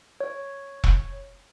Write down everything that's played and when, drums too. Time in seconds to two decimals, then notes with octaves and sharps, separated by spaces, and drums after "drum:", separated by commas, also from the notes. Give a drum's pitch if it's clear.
0.21 C#5
0.84 drum: kick E1